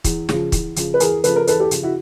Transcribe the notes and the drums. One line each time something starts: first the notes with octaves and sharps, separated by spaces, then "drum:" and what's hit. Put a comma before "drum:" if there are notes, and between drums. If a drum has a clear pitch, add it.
E2, drum: kick, hi-hat
C#3 F3, drum: snare
E2, drum: kick, hi-hat
C#3 F3, drum: hi-hat
B4
E2 G#4 A#4, drum: hi-hat
C#3 F3 A4 B4, drum: hi-hat
A#4
E2 A4 B4, drum: hi-hat
G4 A4
C#3 F3, drum: hi-hat
E4 F#4